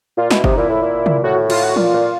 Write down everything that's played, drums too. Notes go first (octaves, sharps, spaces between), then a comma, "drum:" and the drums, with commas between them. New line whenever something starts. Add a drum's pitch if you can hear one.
A#2 F4
B2 E4, drum: snare
C3 D#4, drum: kick F#1
A#2 E4
A2
A#2
drum: tom
A2 F#4
F4, drum: cymbal
F#4
A#2 F4, drum: tom E3
A#2